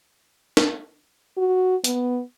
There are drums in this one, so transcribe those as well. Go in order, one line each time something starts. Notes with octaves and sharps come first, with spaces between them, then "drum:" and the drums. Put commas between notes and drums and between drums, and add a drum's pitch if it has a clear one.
drum: snare
F#4
B3, drum: hi-hat